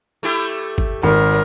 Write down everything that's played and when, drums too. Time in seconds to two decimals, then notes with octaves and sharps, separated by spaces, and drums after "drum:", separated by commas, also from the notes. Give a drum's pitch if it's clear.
0.23 A3 E4 G4
0.78 drum: kick G1
1.03 G#1 A#4